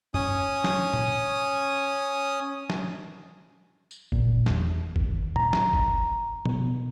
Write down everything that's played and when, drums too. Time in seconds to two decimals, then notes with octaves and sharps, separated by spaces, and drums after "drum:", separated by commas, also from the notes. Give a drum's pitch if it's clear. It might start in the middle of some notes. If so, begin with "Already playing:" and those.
0.14 C#4 D#6, drum: tom
0.64 drum: snare
0.93 drum: tom
2.70 drum: snare
3.91 drum: tambourine
4.12 A#2, drum: kick F#1
4.46 E2, drum: snare
4.96 D#2, drum: kick F#1
5.36 A#5, drum: tom
5.53 drum: snare
5.73 drum: kick F#1
6.45 B2, drum: tom